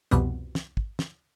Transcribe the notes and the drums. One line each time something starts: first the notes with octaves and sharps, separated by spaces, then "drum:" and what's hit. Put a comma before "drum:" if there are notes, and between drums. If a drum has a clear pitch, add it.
C2 F2 B2 F3 G3 B3, drum: hi-hat
drum: snare
drum: kick
drum: snare